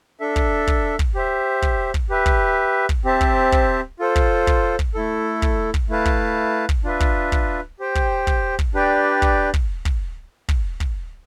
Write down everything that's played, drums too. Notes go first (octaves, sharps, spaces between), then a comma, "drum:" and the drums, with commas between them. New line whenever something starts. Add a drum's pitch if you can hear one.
D4 A4 E5
drum: kick
drum: kick
drum: kick
G4 C5 E5
drum: kick
drum: kick
G4 B4 E5
drum: kick
drum: kick
C4 G4 C5 E5 A5
drum: kick
drum: kick
F4 A4 C5
drum: kick
drum: kick
drum: kick
A3 E4 A4
drum: kick
drum: kick
A3 E4 B4 F5 A5
drum: kick
drum: kick
D4 F4 B4 E5
drum: kick
drum: kick
G4 C5 G5
drum: kick
drum: kick
drum: kick
D4 G4 B4 D5 G5
drum: kick
drum: kick
drum: kick
drum: kick
drum: kick